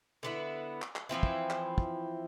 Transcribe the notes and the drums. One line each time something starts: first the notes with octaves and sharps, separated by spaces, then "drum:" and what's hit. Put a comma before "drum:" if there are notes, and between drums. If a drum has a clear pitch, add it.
D3 B3 E4
drum: clap
drum: clap
E3 F3 C4 E4
drum: kick
drum: clap
drum: kick